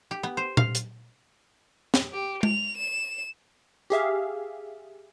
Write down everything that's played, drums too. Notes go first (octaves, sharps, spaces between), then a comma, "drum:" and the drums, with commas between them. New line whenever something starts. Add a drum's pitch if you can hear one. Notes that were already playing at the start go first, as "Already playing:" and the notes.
G4
B3
C5
F5, drum: tom A#2
drum: hi-hat
drum: snare
G4
F7, drum: tom G#3
E7
G4 G#4 E5 F5